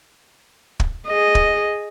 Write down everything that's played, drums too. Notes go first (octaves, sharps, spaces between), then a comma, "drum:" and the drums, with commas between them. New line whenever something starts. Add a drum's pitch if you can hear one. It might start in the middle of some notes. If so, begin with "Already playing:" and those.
drum: kick
G#4 D#5
drum: kick